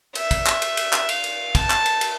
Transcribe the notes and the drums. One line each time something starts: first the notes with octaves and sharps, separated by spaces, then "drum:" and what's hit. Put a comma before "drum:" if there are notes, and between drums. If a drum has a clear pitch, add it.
E5, drum: cymbal
drum: kick, cymbal
drum: clap
drum: cymbal
drum: cymbal
drum: clap
F5, drum: cymbal
drum: cymbal
A5, drum: kick, cymbal
drum: clap
drum: cymbal
drum: cymbal